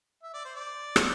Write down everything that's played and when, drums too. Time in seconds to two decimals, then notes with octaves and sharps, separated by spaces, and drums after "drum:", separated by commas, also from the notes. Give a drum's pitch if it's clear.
0.23 E5
0.34 D5
0.45 C5
0.55 D5
0.96 drum: rim click